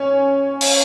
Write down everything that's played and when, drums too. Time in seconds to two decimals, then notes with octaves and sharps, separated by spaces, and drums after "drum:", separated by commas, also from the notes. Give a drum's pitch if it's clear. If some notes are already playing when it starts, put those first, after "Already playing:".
Already playing: C#4
0.61 drum: open hi-hat